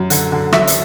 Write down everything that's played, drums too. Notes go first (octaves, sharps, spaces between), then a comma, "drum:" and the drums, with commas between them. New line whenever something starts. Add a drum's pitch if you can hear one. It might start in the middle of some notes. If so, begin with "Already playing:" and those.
Already playing: F#2
D3, drum: hi-hat
D3
F#2 E5, drum: rim click
drum: hi-hat